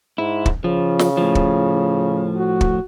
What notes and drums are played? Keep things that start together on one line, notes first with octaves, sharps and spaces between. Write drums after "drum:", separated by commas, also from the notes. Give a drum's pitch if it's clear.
G#2 E4
drum: kick
C#3 F3
drum: snare
A2 F3
drum: kick
F#4
drum: kick